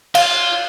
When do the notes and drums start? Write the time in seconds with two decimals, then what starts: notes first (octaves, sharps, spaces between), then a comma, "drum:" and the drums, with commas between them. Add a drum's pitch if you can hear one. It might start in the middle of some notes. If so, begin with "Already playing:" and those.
0.15 F4 F5, drum: cymbal